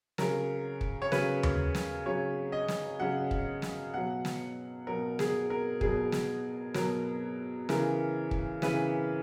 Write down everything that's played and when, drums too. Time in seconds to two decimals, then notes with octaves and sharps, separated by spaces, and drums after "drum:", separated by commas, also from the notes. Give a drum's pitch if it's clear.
0.18 C#3 F#3 A#4, drum: snare
0.81 drum: kick
1.02 C#5
1.12 C#3 F#3 B4, drum: snare
1.43 drum: tom D#2
1.75 drum: snare
2.06 C#3 F#3 C#5
2.52 D#5
2.68 drum: snare
3.00 C#3 F#3 F#5
3.31 drum: kick
3.62 drum: snare
3.94 B2 F#3 F#5
4.25 drum: snare
4.87 B2 F#3 A#4
5.19 G#4, drum: snare
5.50 A#4
5.81 B2 F#3 G#4, drum: kick
6.12 drum: snare
6.74 B2 F#3 A#4, drum: snare
7.69 C#3 E3 A#4, drum: snare
8.31 drum: kick
8.62 C#3 E3 B4, drum: snare